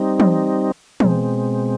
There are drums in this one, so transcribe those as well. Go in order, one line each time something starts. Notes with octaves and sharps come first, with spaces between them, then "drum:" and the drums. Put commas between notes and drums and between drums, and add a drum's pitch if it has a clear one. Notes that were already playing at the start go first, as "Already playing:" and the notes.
Already playing: G3 C4 D#4
drum: tom
B2 G#3 C4, drum: tom